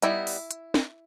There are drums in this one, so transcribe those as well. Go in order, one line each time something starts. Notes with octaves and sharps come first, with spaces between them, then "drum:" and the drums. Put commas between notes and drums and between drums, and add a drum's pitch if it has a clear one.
G3 B3 D#4 E4, drum: hi-hat
drum: open hi-hat
drum: hi-hat
drum: snare